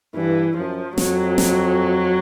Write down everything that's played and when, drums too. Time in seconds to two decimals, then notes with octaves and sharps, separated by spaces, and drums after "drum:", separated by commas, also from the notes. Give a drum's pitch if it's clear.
0.15 G2 E3
0.56 F#2 F3
0.98 F2 F#3, drum: snare
1.38 drum: snare